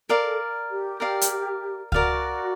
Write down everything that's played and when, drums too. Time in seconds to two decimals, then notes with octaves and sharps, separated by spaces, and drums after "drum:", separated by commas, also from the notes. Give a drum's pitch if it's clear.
0.09 A4 A#4 D5 F5
0.70 G4
1.00 A#4 D5 F5
1.21 drum: hi-hat
1.92 F#4 A#4 D5 F5, drum: kick C#2